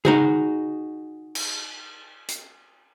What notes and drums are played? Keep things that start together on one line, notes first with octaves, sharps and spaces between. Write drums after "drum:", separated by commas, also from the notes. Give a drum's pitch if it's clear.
D#4 F#4 G#4, drum: tom C#3
drum: cymbal
drum: hi-hat